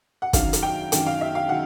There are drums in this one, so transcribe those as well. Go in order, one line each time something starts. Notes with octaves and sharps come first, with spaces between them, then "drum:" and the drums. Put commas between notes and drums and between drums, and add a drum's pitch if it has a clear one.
F#5
F#2 D#3 F#3 F5, drum: kick, hi-hat
drum: hi-hat
G5
F#2 D#3 F#3 G5, drum: hi-hat
F5
E5
F5
D#3 F#3 F#5